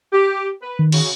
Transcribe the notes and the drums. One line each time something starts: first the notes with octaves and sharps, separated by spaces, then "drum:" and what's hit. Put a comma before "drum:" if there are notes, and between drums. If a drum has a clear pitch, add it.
G4
B4
D#3
C#3 F#4, drum: cymbal